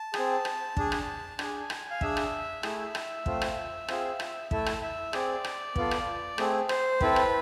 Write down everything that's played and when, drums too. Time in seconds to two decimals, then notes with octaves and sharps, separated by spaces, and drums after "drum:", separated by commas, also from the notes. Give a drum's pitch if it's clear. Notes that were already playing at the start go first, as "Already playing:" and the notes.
Already playing: A5
0.14 C4 G#4, drum: rim click
0.45 drum: rim click
0.77 D4 G#4, drum: kick
0.92 drum: rim click
1.39 D4 G#4 G#5, drum: rim click
1.70 drum: rim click
1.91 F5
2.01 D4 G#4 E5, drum: kick
2.17 drum: rim click
2.63 A3 E4 G#4, drum: rim click
2.95 drum: rim click
3.26 A3 C4 F4, drum: kick
3.42 drum: rim click
3.88 C4 F4 G#4, drum: rim click
4.20 drum: rim click
4.51 A3 E4 A4 E5, drum: kick
4.66 drum: rim click
4.82 E5
5.13 C4 G#4 D5, drum: rim click
5.44 drum: rim click
5.76 B3 F4 A4, drum: kick
5.91 drum: rim click
6.38 A3 C4 G#4, drum: rim click
6.69 C5, drum: rim click
7.01 C4 E4 A4 B4, drum: kick
7.16 drum: rim click